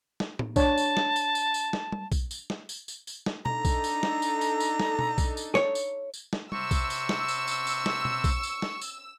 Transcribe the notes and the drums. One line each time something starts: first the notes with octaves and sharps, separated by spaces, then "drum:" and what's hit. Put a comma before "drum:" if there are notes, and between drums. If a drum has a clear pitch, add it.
drum: snare
drum: tom
D4 C#5 A5, drum: kick, tambourine
drum: tambourine
drum: snare
drum: tambourine
drum: tambourine
drum: tambourine
drum: snare
drum: tom G3
drum: kick, tambourine
drum: tambourine
drum: snare
drum: tambourine
drum: tambourine
drum: tambourine
drum: snare
D4 D#4 A4 A#5, drum: tom B2
drum: kick, tambourine
drum: tambourine
drum: snare
drum: tambourine
drum: tambourine
drum: tambourine
drum: snare
drum: tom B2
drum: kick, tambourine
drum: tambourine
C#5, drum: snare
drum: tambourine
drum: tambourine
drum: snare
C3 C#6 E6, drum: tom G3
drum: kick, tambourine
drum: tambourine
drum: snare
drum: tambourine
drum: tambourine
drum: tambourine
drum: snare
drum: tom B2
drum: kick, tambourine
drum: tambourine
drum: snare
drum: tambourine